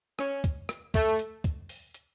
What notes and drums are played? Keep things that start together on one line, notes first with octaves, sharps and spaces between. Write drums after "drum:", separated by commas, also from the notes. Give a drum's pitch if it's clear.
C#4, drum: rim click
drum: kick, hi-hat
drum: rim click
A3, drum: kick, hi-hat
drum: hi-hat
drum: kick, hi-hat
drum: open hi-hat
drum: hi-hat